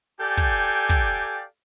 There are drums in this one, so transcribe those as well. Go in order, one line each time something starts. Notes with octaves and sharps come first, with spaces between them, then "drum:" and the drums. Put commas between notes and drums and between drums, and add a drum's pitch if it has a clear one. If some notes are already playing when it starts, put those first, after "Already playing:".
G4 A4 D5 F5 G5 G#5
drum: kick
drum: kick